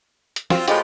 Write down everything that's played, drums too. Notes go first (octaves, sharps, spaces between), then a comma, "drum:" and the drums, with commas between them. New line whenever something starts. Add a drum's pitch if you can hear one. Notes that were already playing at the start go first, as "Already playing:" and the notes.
drum: hi-hat
C4 F4, drum: snare
A2 G#3 F4 G4, drum: hi-hat